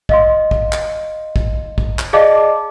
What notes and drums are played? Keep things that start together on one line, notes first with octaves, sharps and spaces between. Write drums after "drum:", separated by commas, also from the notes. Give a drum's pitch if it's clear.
D#5 F5 C6, drum: kick
drum: kick
drum: clap
drum: kick
drum: kick
drum: clap
G#4 D5 D#5 F5 A5 D6